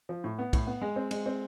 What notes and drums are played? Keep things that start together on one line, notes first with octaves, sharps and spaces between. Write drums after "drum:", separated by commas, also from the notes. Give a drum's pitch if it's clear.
F3
A2
B3
A2, drum: kick B1, cymbal
B3
G#3
C4
G#3, drum: cymbal
C4